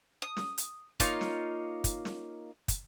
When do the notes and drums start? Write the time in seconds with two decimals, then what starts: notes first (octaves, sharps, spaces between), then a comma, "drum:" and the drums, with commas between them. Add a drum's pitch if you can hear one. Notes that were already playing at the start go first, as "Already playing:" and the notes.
0.22 D#6
0.37 drum: snare
0.58 drum: hi-hat
1.00 A#3 D#4 F4 C#5, drum: kick, hi-hat
1.21 drum: snare
1.84 drum: kick, hi-hat
2.05 drum: snare
2.68 drum: kick, hi-hat